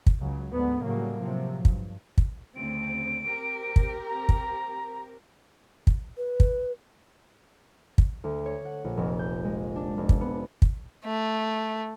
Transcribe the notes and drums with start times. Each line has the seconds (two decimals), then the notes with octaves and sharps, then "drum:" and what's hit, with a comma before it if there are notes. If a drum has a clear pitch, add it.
0.07 drum: kick
0.19 C#2 C#3 F#3
0.52 D2 G#2 D3 B3
0.83 A2 C#3 F#3 G3 A#3
1.20 C3 F3 F#3
1.65 G2, drum: kick
2.18 drum: kick
2.56 D2 C#3 C4 D7
3.26 C4 G4 A#4
3.76 drum: kick
4.05 A#5
4.29 drum: kick
5.87 drum: kick
6.17 B4
6.40 drum: kick
7.98 drum: kick
8.24 D2
8.46 C#5
8.65 F#5
8.85 A#1
8.97 F1
9.19 G6
9.44 G#3
9.76 D4
9.97 F1
10.09 drum: kick
10.21 B3
10.62 drum: kick
11.05 A3